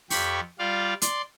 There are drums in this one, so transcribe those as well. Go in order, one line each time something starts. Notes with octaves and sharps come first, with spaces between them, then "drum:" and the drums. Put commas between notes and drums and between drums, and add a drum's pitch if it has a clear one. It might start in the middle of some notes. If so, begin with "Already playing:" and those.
F2 G4 B5 C#6, drum: open hi-hat
G3 F4 D5 F5
D5 C6, drum: hi-hat